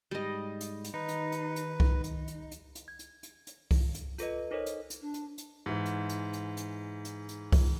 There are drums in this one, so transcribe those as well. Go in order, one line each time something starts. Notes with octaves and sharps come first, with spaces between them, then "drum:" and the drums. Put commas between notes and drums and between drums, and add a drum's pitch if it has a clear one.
G#2 G3 D#5
drum: hi-hat
drum: hi-hat
D#3 D#4 B4
drum: hi-hat
drum: hi-hat
drum: hi-hat
drum: kick C2
drum: hi-hat
drum: hi-hat
drum: hi-hat
drum: hi-hat
G#6
drum: hi-hat
drum: hi-hat
drum: hi-hat
drum: kick C2, open hi-hat
drum: hi-hat
F4 A4 B4 D#5, drum: hi-hat
D#4 A4 A#4 C5 C#5 D#5
drum: hi-hat
drum: hi-hat
D4
drum: hi-hat
drum: hi-hat
G#2 E3
drum: hi-hat
drum: hi-hat
drum: hi-hat
drum: hi-hat
drum: hi-hat
drum: hi-hat
drum: kick C2, open hi-hat